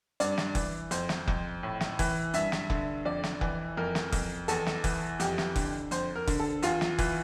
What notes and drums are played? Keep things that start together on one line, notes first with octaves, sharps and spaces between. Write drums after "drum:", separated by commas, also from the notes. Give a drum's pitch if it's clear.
G2 D5, drum: hi-hat
drum: snare
E3, drum: kick F1, open hi-hat
F2 C5, drum: hi-hat
drum: snare
F2, drum: kick F1
A2
drum: snare
E3, drum: kick F1, open hi-hat
G2 E5, drum: hi-hat
drum: snare
D3, drum: kick F1
F2 D5
drum: snare
E3, drum: kick F1
F2 A#4
drum: snare
F2, drum: kick F1, open hi-hat
E2 A4, drum: hi-hat
drum: snare
E3, drum: kick F1, open hi-hat
F2 G4, drum: hi-hat
drum: snare
D3, drum: kick F1, open hi-hat
F2 C5, drum: hi-hat
A#4
D3, drum: kick F1, open hi-hat
A4
E2 F4, drum: hi-hat
drum: snare
E3, drum: kick F1, open hi-hat